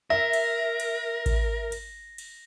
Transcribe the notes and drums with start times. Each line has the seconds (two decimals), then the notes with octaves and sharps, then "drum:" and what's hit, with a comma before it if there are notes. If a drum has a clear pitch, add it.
0.10 A#4 E5 A#6
0.33 drum: cymbal
0.80 drum: cymbal
1.26 drum: kick A1, cymbal
1.72 drum: cymbal
2.18 drum: cymbal